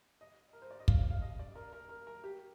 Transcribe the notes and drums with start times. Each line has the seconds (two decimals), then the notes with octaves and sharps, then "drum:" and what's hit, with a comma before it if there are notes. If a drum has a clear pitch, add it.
0.21 D#5
0.53 A#4
0.62 C5
0.71 D5
0.79 D#5
0.88 F5, drum: kick
0.99 F5
1.11 F5
1.21 D#5
1.39 D5
1.55 A#4
1.73 A#4
1.89 A#4
2.07 A#4
2.24 G4